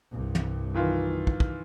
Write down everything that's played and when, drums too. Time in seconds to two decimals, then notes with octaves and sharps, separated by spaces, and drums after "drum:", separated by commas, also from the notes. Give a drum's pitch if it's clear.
0.11 C2 G2
0.35 drum: tom
0.74 D#3 E3 F4
1.27 drum: kick
1.40 drum: kick